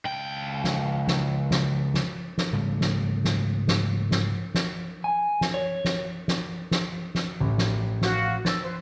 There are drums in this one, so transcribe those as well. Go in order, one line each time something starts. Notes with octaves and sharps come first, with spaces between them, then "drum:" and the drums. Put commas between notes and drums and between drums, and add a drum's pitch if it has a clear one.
C#2 G5
drum: snare
drum: snare
drum: snare
drum: snare
drum: snare
G#2 C#3 G3 A3
drum: snare
drum: snare
drum: snare
drum: snare
drum: snare
G#5
drum: snare
C#5
drum: snare
drum: snare
drum: snare
drum: snare
A1
drum: snare
F#4 F5, drum: snare
E6 A6, drum: snare
B4 C5